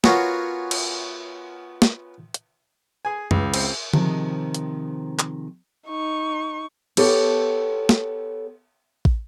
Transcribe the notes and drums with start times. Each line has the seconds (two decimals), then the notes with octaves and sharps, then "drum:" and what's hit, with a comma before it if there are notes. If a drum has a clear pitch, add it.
0.04 B3 C#4 F4 F#4 A#4 C#5, drum: snare
0.71 drum: cymbal
1.82 drum: snare
2.34 drum: hi-hat
3.05 G#4 G#5
3.31 C#2 E3, drum: tom F#2
3.54 C4, drum: cymbal
3.94 C3 D#3 F3 G#3, drum: tom D3
4.54 drum: hi-hat
5.19 drum: clap
5.88 D#4 C#6
6.97 B3 G4 A4 C#5, drum: cymbal
7.89 drum: snare
9.05 drum: kick